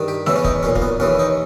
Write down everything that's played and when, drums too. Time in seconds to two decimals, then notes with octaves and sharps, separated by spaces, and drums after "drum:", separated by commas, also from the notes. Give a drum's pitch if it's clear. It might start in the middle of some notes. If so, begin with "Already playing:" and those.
Already playing: G2 D#3
0.08 G4
0.26 E2 C#3 E3 E4, drum: snare A3
0.36 C#4
0.44 D#4, drum: kick
0.63 B1 A#2 C#4
0.76 A#3, drum: kick
0.82 B3
1.00 D#2 C#3 E3 C#4
1.19 D#4